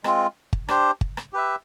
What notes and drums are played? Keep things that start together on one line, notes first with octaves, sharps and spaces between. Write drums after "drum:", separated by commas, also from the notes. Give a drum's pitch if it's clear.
G#3 C4 F4, drum: rim click
drum: kick G1
D4 G4 C5, drum: rim click
drum: kick G1
drum: rim click
G4 B4 E5